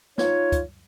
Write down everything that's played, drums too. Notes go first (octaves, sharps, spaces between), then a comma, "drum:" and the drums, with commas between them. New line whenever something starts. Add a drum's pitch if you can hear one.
D#4 F4 C#5, drum: snare
drum: kick, hi-hat